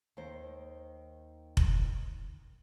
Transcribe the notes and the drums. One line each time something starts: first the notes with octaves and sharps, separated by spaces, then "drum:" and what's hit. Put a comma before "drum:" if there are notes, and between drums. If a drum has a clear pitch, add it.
D#2 D#3 C5
drum: kick F1